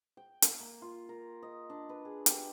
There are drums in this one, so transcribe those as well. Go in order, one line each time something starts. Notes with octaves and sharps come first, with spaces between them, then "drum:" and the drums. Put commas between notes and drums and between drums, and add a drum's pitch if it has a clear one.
G5
F5, drum: hi-hat
A#3
F4
A#4
D#5
D4
B4
G#4
G4, drum: hi-hat